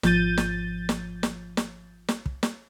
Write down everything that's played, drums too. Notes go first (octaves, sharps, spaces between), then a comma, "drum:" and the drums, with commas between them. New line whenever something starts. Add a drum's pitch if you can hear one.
G#1 F3 G6 A6 D#7, drum: snare
drum: snare
drum: snare
drum: snare
drum: snare
drum: snare
drum: kick
drum: snare